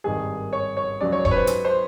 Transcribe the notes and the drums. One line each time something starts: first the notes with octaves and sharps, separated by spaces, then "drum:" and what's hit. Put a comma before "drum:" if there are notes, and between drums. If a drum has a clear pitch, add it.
G#1 G2 D#3 G3 G#4
C#5
C#5
C#2 C#3 F#3 D5
C#5
C#5, drum: kick E1
B4
C5
drum: hi-hat
C5